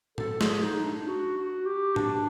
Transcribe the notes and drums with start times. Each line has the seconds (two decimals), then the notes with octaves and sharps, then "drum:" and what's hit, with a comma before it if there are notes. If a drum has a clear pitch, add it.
0.18 A4, drum: tom G#2
0.41 G#4, drum: snare
0.63 D#4
0.84 D4
1.07 F#4
1.37 F#4
1.66 G4
1.96 D4, drum: tom G#2